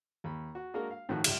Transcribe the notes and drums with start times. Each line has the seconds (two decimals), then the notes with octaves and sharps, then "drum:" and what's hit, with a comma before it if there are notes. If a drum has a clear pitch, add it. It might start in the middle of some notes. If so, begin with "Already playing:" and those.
0.24 D#2 B5
0.55 F#4
0.74 G#3 A#3 D4 F#4 A#4
0.91 F5
1.09 A2 D#3 F3 F#4 F#6
1.24 C#2 G3 E5, drum: cymbal